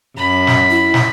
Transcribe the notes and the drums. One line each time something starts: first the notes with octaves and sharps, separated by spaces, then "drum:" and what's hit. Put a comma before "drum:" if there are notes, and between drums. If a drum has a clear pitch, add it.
F#2 B5
drum: snare
E4
drum: snare